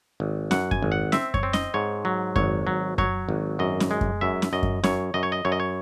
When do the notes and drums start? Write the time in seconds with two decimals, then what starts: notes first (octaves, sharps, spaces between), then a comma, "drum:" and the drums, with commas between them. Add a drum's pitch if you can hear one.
0.20 G#1
0.51 F#2 F#5, drum: snare
0.71 G#5, drum: kick F#2
0.83 G#1
0.92 F#5
1.12 C4 E5, drum: snare
1.34 C#5, drum: kick F#2
1.43 C4
1.53 D#5, drum: snare
1.74 G#2 C#5
2.05 F#3
2.36 G#1 C#5, drum: kick F#2
2.67 F#3
2.98 F#3 C#5, drum: kick F#2
3.29 G#1
3.59 F#2 D#5
3.80 drum: snare
3.91 G#3
4.01 drum: kick F#2
4.21 F#2 E5
4.42 drum: snare
4.53 F#2 D#5
4.63 drum: kick F#2
4.84 F#2 C#5, drum: snare
5.14 F#2 D#5
5.23 C#5
5.32 D#5
5.45 F#2 C#5
5.52 D#5
5.60 C#5